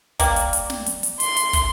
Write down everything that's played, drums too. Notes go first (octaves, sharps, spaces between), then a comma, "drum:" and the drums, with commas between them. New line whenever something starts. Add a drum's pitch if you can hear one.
G3 A#3, drum: kick, hi-hat
drum: hi-hat
drum: hi-hat
drum: snare
drum: hi-hat
drum: hi-hat
C6, drum: hi-hat
drum: hi-hat
drum: kick, hi-hat